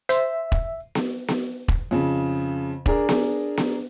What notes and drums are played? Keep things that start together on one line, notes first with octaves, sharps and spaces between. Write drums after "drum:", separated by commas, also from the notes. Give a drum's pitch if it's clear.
C5 E5, drum: hi-hat
drum: kick E1
drum: snare B3
drum: snare B3
drum: kick E1
F2 C#3
D4 G#4 A#4, drum: kick E1
drum: snare B3
drum: snare B3